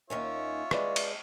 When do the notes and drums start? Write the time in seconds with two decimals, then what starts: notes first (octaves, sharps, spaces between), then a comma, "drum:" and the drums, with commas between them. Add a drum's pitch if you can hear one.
0.10 D#2 D#3 C#4 F4 C#5 E5
0.71 G#3 B4 D5, drum: rim click
0.96 drum: cymbal